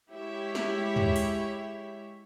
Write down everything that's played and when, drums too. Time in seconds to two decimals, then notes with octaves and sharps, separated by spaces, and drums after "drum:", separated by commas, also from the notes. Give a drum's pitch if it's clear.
0.10 G#3 E4 G4 C#5 E5
0.55 drum: snare
0.96 drum: tom
1.16 drum: open hi-hat